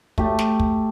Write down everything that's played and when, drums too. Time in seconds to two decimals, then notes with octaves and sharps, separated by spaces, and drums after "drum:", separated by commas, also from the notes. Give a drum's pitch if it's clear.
0.18 A3 G4, drum: kick
0.39 drum: snare
0.60 drum: kick